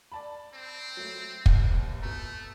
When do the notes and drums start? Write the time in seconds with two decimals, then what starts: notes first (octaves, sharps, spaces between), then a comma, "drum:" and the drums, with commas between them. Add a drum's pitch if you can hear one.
0.12 D5 A5 B5
0.54 C4
0.97 F#3 A3
1.46 F1 D#2, drum: kick
2.02 B2 A3 A#5